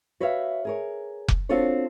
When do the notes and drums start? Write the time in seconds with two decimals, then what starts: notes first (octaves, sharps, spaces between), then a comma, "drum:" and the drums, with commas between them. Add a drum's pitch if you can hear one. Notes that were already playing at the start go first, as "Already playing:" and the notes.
0.20 F#4 B4 C#5 E5 F5
0.65 G#4 A#4 C#5
1.28 drum: kick F1
1.49 C4 D4 F4 F#4 A4 C#5